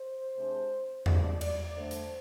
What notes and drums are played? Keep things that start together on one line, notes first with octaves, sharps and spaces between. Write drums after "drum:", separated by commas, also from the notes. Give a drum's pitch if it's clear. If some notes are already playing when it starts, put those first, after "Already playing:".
Already playing: C5
C3 G#3 D4
F2 C3 G#3 D4 D5, drum: tom E2
D5, drum: cymbal
D3 A3 D4 C5
drum: hi-hat